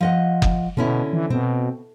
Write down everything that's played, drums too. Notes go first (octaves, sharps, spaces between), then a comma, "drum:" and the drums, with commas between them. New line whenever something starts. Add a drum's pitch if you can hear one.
F3 D#5 F#5
drum: kick F#1
B2 D3 C#4 E4
E3
B2 C4